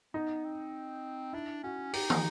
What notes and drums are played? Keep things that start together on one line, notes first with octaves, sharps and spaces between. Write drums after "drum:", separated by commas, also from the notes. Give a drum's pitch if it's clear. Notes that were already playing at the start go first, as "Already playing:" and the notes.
B3 D#4
C4
D4 E4
C#4 F#4
D#4 G4, drum: open hi-hat
drum: tom